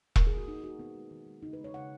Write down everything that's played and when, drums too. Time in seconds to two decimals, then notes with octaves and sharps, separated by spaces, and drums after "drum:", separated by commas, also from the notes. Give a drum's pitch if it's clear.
0.16 B2 A#4, drum: kick E1
0.27 A#3 G#4
0.37 F#4
0.47 B2 D#4
0.63 A#3 F#4
0.79 D#3 B3
0.95 G#3
1.11 D#3
1.27 G#3
1.42 C#3 D#4
1.53 B4
1.59 G#3
1.64 C#5
1.74 C#3 F#5